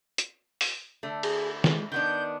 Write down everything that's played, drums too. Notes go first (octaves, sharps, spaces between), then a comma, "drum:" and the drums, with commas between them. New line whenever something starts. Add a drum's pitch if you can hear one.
drum: hi-hat
drum: open hi-hat
D3 A3
G#4, drum: cymbal
G#3, drum: snare
D#3 B3 D4 G6